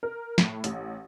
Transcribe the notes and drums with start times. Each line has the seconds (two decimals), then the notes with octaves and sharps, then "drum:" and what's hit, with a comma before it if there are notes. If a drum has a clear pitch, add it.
0.03 A#4
0.38 A2, drum: snare
0.64 A1, drum: hi-hat